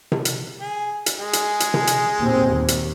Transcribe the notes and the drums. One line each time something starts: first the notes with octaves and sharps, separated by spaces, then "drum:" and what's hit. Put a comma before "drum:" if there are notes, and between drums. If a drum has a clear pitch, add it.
drum: tom C3
drum: hi-hat
G#4
drum: hi-hat
G#3 G#4
drum: hi-hat
drum: hi-hat
drum: tom C3
drum: hi-hat
D#2 A#2 C4
D#2
drum: hi-hat